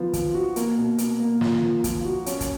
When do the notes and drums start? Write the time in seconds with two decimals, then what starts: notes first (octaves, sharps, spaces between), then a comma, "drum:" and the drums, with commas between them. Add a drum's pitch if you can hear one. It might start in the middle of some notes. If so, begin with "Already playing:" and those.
Already playing: F3 B3
0.13 F3, drum: kick, hi-hat
0.35 F#4
0.56 A#3, drum: hi-hat
0.77 B2
0.98 B2, drum: hi-hat
1.20 A#3
1.41 F3, drum: snare
1.62 F3
1.84 F3, drum: kick, hi-hat
2.05 F#4
2.26 C#4, drum: hi-hat
2.41 drum: kick, hi-hat